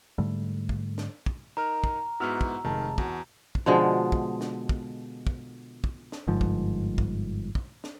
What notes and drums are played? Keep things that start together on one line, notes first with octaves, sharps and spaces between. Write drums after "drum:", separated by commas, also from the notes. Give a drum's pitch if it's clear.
G#2 D3 G3 A3
drum: kick
drum: snare
drum: kick
D#4 A#4 A#5 F6
drum: kick
G#2 B3 E4 F#4 E6 F6
drum: kick
F1 D#3 G#3 A5
E2 F#4 A5, drum: kick
drum: kick
B2 D3 F3 G#3
drum: kick
drum: snare
drum: kick
drum: kick
drum: kick
drum: snare
G1 G#2 F3
drum: kick
drum: kick
drum: kick
drum: snare